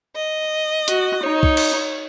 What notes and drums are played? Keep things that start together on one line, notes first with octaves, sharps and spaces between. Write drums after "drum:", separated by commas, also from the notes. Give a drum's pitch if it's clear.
D#5
F#4, drum: hi-hat
D#4 C#5
drum: kick
drum: cymbal